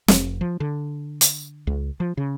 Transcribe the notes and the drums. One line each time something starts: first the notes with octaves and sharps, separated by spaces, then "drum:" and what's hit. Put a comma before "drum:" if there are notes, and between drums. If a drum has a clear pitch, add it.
F1, drum: snare
F3
D3
drum: hi-hat
C#2
F3
C#3